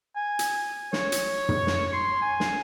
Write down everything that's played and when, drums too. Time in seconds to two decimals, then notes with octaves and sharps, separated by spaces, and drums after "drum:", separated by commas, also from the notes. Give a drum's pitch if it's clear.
0.16 G#5
0.39 drum: hi-hat
0.93 C#5, drum: snare
1.12 drum: hi-hat
1.49 drum: tom
1.67 drum: snare
1.93 C6
2.22 G#5
2.40 drum: snare